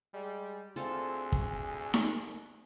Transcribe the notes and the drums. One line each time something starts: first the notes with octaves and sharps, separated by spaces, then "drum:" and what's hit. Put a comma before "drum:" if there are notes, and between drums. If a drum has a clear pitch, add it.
G3 G#3
D2 C4 F4 G#4 A4
drum: kick
drum: snare D#4